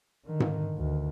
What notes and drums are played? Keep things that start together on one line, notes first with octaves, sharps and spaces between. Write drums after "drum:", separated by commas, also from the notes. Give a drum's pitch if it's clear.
D3 D#3
drum: tom G#2
D2 D#3